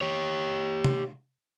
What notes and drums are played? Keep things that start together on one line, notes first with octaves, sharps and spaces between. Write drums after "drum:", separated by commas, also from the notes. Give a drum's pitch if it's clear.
G4 C#5
drum: tom C3